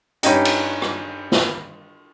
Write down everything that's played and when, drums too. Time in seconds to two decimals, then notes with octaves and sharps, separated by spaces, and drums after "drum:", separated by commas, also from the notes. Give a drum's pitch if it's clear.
0.23 G2 C#4 D#4 G5, drum: hi-hat
0.45 drum: cymbal
0.82 drum: rim click
1.32 drum: snare